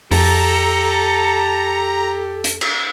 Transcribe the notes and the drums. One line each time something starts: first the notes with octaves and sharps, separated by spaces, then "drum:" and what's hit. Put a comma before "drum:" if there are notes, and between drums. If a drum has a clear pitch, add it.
F2 G4 A4 A#5, drum: open hi-hat
drum: hi-hat
drum: cymbal